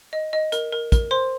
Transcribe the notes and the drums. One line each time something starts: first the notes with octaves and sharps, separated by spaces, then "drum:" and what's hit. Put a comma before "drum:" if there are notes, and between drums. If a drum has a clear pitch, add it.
D#5
D#5
A#4, drum: hi-hat
A#4
A#4, drum: kick, hi-hat
C5 C6